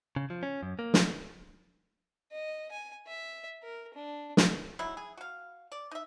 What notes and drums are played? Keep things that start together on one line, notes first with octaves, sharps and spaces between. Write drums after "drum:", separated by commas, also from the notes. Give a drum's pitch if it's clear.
C#3
F3
C#4
F#2
A#3
drum: snare
D#5
G#5
E5
A#4
D4
drum: snare
C#3 F#3 D#4 E4
G#4
F#4 F5
D5
D#4 E5